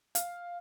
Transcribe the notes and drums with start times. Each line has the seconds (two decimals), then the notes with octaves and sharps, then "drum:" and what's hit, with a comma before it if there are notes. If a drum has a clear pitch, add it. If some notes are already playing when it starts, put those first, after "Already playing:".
0.15 F5, drum: hi-hat